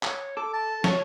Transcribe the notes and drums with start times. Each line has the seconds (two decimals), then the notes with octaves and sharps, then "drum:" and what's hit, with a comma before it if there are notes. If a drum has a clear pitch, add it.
0.03 C#5, drum: clap
0.37 A4 D6
0.53 A5
0.84 C#5, drum: snare